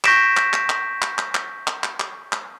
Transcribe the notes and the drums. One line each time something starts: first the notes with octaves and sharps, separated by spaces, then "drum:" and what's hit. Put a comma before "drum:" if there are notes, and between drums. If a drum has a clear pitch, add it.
C#6 G6 A#6 B6 D7 E7, drum: clap
drum: clap
drum: clap
drum: clap
drum: clap
drum: clap
drum: clap
drum: clap
drum: clap
drum: clap
drum: clap